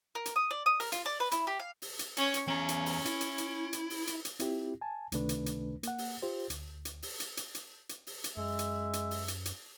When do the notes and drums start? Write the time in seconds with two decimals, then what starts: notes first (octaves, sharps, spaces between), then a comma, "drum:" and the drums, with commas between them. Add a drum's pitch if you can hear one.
0.15 A#4
0.26 drum: hi-hat
0.36 D#6
0.51 D5
0.66 D#6
0.80 A#4, drum: open hi-hat
0.92 F4, drum: hi-hat
1.06 D5
1.20 B4
1.32 E4, drum: hi-hat
1.47 G4
1.60 F5
1.82 drum: open hi-hat
1.99 drum: hi-hat
2.17 C#4 C#5, drum: hi-hat
2.34 drum: hi-hat
2.47 E2 C#4 A#5
2.69 drum: hi-hat
2.86 drum: open hi-hat
3.05 E4, drum: hi-hat
3.21 drum: hi-hat
3.38 drum: hi-hat
3.73 drum: hi-hat
3.90 drum: open hi-hat
4.07 drum: hi-hat
4.25 drum: hi-hat
4.40 C4 E4 F4 G4, drum: hi-hat
4.81 G#5 A5
5.12 C#2 C3 D#3 A3 D4 B4, drum: hi-hat
5.29 drum: hi-hat
5.46 drum: hi-hat
5.83 A#3 F#5, drum: hi-hat
5.98 drum: open hi-hat
6.22 F4 G4 C5
6.50 D2, drum: hi-hat
6.85 drum: hi-hat
7.02 drum: open hi-hat
7.20 drum: hi-hat
7.37 drum: hi-hat
7.55 drum: hi-hat
7.89 drum: hi-hat
8.07 drum: open hi-hat
8.24 drum: hi-hat
8.37 F#2 G#3 E5
8.59 drum: hi-hat
8.93 drum: hi-hat
9.11 drum: open hi-hat
9.28 drum: hi-hat
9.45 drum: hi-hat